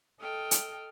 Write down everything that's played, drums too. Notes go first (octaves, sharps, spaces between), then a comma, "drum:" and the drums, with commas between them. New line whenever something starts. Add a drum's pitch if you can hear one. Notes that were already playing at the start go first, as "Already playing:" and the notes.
A4 D#5 G5 F6
drum: hi-hat